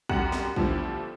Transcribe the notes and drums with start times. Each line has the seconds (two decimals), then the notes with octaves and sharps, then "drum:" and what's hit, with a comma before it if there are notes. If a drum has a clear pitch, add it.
0.09 F#2 G3 F#4 G4 F#5 F#7, drum: kick
0.32 drum: snare
0.56 D3 F3 G3 A3 B3 E4, drum: kick